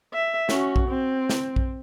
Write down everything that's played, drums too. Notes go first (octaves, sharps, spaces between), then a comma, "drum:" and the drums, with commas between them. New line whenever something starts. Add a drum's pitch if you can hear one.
E5
C#4 F#4, drum: snare
drum: kick A#1
C4
drum: snare
drum: kick A#1